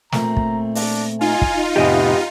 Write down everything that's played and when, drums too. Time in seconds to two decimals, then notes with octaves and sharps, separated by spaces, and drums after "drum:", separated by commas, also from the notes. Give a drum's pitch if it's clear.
0.12 A#2 A3 C4 A#5, drum: snare
0.37 drum: kick
0.75 D4, drum: open hi-hat
1.21 D#4 F4 G#5
1.42 drum: kick
1.76 F2 A2 C3 B3 G4 D#5 G#5